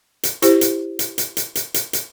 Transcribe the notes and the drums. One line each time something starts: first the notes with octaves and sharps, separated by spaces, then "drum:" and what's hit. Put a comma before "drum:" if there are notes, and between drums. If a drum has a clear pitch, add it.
drum: hi-hat
E4 G4 C5, drum: hi-hat
drum: hi-hat
drum: hi-hat
drum: hi-hat
drum: hi-hat
drum: hi-hat
drum: hi-hat
drum: hi-hat